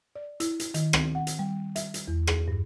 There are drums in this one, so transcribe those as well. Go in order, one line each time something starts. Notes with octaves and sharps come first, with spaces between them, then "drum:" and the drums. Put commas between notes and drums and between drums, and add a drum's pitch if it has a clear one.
D5
E4, drum: hi-hat
drum: hi-hat
D#3, drum: hi-hat
C4, drum: rim click
F#5
drum: hi-hat
G3
E5, drum: hi-hat
drum: hi-hat
E2
G#4, drum: rim click
G2